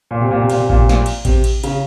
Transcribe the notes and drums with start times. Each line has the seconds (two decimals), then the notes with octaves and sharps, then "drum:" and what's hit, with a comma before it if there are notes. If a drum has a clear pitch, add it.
0.11 A#2
0.21 C3
0.31 A#2
0.41 C3
0.50 A#2, drum: cymbal
0.60 C3
0.70 A#2, drum: kick A1
0.80 C3
0.89 A#2, drum: snare
1.06 drum: cymbal
1.25 C3, drum: kick A1, cymbal
1.44 drum: cymbal
1.63 C#3, drum: cymbal